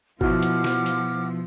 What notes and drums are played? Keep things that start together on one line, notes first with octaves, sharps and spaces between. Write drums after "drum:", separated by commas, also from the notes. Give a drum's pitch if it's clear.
B2 F3 E4 F#4 F#5 D6 F6, drum: kick
drum: hi-hat
drum: snare
drum: hi-hat